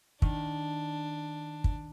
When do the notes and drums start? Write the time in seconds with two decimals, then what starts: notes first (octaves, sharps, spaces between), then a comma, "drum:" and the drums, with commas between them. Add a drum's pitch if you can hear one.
0.22 D#3 D4, drum: kick
1.64 drum: kick